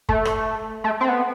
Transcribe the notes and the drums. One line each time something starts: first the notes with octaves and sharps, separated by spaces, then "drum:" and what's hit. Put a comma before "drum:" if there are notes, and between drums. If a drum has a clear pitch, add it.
A3, drum: kick F#1
drum: rim click
A3
C4
B3